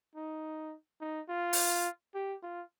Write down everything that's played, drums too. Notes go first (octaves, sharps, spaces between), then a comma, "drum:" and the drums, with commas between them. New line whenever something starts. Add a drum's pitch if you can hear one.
D#4
D#4
F4
drum: open hi-hat
G4
F4